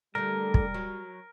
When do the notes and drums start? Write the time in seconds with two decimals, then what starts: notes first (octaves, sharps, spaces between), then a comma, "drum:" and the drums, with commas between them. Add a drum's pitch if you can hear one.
0.15 D3 G3 A3 A#4
0.54 drum: kick
0.74 F#3